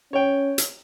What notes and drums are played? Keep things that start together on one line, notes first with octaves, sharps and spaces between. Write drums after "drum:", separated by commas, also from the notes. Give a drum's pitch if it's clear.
C#4 C#5 G5
drum: hi-hat